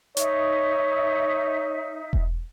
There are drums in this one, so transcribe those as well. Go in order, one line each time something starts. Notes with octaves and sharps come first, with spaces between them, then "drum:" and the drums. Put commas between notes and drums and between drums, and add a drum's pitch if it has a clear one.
D#4 C#5 E5, drum: hi-hat
drum: kick E1